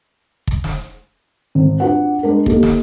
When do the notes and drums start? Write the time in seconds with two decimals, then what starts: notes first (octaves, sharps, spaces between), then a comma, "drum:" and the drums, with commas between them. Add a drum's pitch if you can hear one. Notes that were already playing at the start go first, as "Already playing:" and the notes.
0.47 drum: kick
0.64 drum: snare
1.55 G#1
1.80 D4 F4 F#4 B4 F#5
2.23 G#3 D4 A#4
2.46 A#3 D#4 G4 A4, drum: kick
2.63 drum: snare